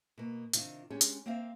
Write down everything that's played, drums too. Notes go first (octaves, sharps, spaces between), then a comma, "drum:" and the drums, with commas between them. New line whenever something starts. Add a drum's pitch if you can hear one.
B2 A#3
C3 D#3 D4 F4, drum: hi-hat
G#3 C#4 D4 G4 G#4
drum: hi-hat
A#3 C4 C5 E5 F5